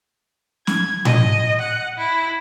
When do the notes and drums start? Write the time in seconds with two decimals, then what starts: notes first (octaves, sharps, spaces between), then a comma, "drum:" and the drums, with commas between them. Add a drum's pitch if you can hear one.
0.67 G#6, drum: snare
1.05 D#5, drum: tom A2
1.59 F#5
1.98 E4